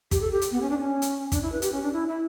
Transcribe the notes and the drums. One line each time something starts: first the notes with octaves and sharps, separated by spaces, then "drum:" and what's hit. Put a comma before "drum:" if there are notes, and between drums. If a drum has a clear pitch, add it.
G4, drum: kick, hi-hat
A4
G4
drum: hi-hat
B3
C#4
D4
C#4
drum: hi-hat
D4, drum: kick, hi-hat
E4
B4
G4, drum: hi-hat
C#4
D4
E4
E4